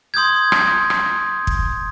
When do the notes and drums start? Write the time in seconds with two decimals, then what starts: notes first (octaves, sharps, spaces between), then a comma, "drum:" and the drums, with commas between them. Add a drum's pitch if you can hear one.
0.14 C6 D#6 G6 G#6
0.52 drum: rim click
0.90 drum: rim click
1.47 drum: kick